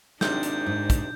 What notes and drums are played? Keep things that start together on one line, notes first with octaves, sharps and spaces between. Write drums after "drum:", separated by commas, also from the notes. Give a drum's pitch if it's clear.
G#1 C3 D4 D#4 G6, drum: snare
drum: hi-hat
G#2
drum: kick, hi-hat